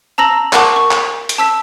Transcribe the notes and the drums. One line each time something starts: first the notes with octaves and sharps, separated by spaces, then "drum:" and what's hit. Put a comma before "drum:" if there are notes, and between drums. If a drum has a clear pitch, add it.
A5 A#5 E6 A#6 F#7
A#4 F#5 A5 C#6 D6, drum: clap
C#6
drum: clap
drum: hi-hat
A5 E6 B6